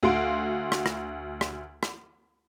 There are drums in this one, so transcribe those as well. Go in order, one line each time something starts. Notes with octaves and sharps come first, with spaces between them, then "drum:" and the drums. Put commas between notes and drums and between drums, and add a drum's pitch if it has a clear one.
D2 F#4 F5 C6 D7
drum: rim click
drum: rim click
drum: rim click
drum: rim click